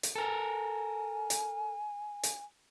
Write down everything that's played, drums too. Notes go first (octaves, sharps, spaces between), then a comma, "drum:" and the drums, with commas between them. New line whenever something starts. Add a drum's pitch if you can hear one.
drum: hi-hat
A4 A#4 G#5
drum: hi-hat
drum: hi-hat